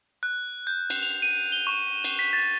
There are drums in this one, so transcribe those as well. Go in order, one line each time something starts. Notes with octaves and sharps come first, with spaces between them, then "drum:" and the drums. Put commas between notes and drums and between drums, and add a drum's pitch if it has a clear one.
F#6
G6
drum: cymbal
F7
D#7
G7
C#6
drum: cymbal
B6
A6